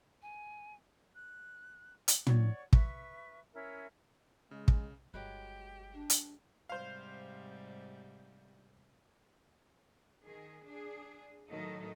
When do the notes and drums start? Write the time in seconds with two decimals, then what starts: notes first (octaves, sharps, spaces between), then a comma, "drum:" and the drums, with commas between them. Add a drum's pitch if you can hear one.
0.22 G#5
1.15 F#6
2.08 drum: hi-hat
2.27 C#5 D5 F#5 C#6, drum: tom
2.73 B4 E5 C#6, drum: kick
3.54 C#4 E4 A#4 E5
4.51 C#3 G#3
4.68 drum: kick
5.14 G1 F#3 G#3 G4 B4
5.93 D4
6.10 drum: hi-hat
6.69 G#2 C3 G3 C5 F5
10.24 D#3 G#4
10.63 D4 G#4
11.50 A2 D#3 F#3 D#4 A4 D#5